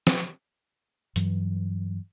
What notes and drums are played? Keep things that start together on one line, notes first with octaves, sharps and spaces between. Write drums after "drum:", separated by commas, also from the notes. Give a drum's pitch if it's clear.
drum: snare
G2 E3 F#3, drum: hi-hat